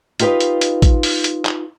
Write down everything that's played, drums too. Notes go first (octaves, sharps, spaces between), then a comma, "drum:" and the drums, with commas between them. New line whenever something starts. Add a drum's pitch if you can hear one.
D#4 F4 G4 B4 D#5, drum: hi-hat
drum: hi-hat
drum: hi-hat
drum: kick A1, hi-hat
drum: open hi-hat
drum: hi-hat
drum: clap